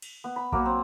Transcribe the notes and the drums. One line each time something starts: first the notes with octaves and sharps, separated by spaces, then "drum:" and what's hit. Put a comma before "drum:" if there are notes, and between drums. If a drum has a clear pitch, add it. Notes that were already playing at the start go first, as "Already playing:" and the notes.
drum: cymbal
B3
B5
F#3 A#3, drum: kick A#1
C4